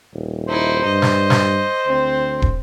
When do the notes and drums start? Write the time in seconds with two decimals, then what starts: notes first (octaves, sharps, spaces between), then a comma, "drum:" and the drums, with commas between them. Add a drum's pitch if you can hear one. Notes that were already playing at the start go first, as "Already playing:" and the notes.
0.13 D#1
0.49 D#4 E4 C5
0.85 G2 D#5
1.02 drum: snare
1.30 drum: snare
1.86 D2 C4
2.42 drum: kick